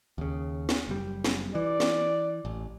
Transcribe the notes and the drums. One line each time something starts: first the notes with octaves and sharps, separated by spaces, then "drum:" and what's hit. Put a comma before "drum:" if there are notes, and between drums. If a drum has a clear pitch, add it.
D#2 C#3
drum: snare
F#1 G3
drum: snare
E3 D5
drum: snare
A1